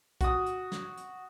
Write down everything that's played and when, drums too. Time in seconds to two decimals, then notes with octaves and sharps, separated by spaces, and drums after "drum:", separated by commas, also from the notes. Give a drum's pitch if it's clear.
0.21 F#4 D#6, drum: kick B1, hi-hat
0.46 drum: hi-hat
0.72 drum: snare
0.97 drum: hi-hat